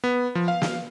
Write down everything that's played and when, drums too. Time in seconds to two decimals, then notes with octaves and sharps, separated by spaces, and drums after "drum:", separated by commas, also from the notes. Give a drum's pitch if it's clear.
0.04 B3
0.35 F3
0.48 F5
0.62 drum: snare